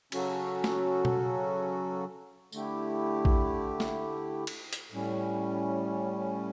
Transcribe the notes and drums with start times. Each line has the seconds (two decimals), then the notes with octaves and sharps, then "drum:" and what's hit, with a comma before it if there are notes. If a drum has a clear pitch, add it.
0.12 C#3 F#3 C#4 F#4 A4, drum: cymbal
0.64 drum: snare
1.05 drum: tom B2
2.52 D3 A3 E4 G4, drum: tambourine
3.25 drum: kick
3.80 drum: snare
4.47 drum: cymbal
4.73 drum: hi-hat
4.92 A2 G3 C#4